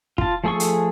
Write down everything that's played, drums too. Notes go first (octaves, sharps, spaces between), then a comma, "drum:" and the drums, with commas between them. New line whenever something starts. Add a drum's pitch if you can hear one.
F4 A5, drum: kick
F3 A3 G#4 A4 C#6
drum: hi-hat